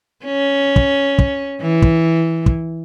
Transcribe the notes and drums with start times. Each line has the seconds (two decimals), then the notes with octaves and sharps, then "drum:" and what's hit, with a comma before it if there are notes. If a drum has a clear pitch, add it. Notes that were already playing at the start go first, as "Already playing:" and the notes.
0.25 C#4
0.76 drum: kick
1.19 drum: kick
1.61 E3
1.82 drum: kick
2.46 drum: kick